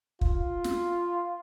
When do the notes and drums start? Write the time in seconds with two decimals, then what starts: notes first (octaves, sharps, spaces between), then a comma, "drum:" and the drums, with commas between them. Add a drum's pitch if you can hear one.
0.21 F4, drum: kick
0.64 drum: snare